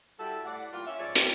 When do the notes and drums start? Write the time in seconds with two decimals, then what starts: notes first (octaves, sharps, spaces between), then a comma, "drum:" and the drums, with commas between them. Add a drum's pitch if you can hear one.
0.19 G3 E4 F#4 G4 A4
0.44 A2 D5 F#5
0.72 G3 A#3 F4
0.86 C#4 E5
0.99 G#2 F3 G#4 C#5 D5
1.15 G3 A#3 G4 C5 C#5, drum: hi-hat